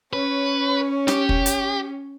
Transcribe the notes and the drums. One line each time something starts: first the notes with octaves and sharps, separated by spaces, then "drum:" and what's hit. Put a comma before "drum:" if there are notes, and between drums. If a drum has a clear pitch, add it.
C#4 B4 C#5
G4, drum: snare
drum: kick
drum: hi-hat